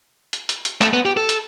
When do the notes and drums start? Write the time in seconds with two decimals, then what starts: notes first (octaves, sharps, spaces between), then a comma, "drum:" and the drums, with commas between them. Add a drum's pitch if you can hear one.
0.33 drum: hi-hat
0.49 drum: hi-hat
0.65 drum: hi-hat
0.81 A3, drum: clap
0.93 B3
1.05 G4
1.17 A4
1.29 drum: hi-hat